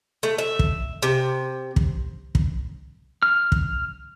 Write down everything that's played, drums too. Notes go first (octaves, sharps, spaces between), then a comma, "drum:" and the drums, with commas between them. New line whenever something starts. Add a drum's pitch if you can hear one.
A3
E5
drum: kick
C3
drum: kick
drum: kick
F6
drum: kick